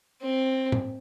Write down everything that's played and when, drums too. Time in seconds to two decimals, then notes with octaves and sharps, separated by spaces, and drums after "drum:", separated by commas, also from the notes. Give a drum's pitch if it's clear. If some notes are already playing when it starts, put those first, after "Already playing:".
0.22 C4
0.72 drum: tom